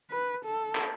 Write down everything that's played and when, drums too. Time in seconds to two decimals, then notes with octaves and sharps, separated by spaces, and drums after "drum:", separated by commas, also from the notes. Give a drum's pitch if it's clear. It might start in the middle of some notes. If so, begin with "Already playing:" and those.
0.11 B4
0.45 A4
0.75 drum: clap